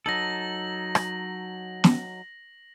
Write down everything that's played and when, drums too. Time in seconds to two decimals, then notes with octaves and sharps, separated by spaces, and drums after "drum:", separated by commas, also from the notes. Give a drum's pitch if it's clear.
0.06 F#3 D#4 A4 A#6 F#7
0.95 drum: rim click
1.84 drum: snare